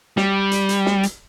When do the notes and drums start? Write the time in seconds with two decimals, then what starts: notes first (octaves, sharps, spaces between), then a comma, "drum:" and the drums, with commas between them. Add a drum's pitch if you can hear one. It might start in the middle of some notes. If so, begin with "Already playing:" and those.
0.17 G3, drum: snare
0.52 drum: hi-hat
0.69 drum: hi-hat
0.86 drum: snare
1.03 drum: hi-hat